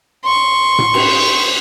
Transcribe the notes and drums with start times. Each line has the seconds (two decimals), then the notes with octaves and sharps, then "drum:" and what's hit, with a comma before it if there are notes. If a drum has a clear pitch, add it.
0.24 C6 C#6
0.79 drum: tom A2
0.94 drum: cymbal